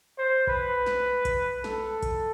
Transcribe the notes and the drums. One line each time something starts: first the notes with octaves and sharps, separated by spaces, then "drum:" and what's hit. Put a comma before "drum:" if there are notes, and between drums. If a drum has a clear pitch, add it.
C5
B4, drum: kick B1
drum: snare
drum: kick B1, hi-hat
A4, drum: snare
drum: kick B1, hi-hat